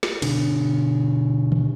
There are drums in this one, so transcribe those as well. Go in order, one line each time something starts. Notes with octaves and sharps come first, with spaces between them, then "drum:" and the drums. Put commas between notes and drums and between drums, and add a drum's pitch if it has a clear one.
drum: snare
B2 D3 D4, drum: cymbal
drum: tom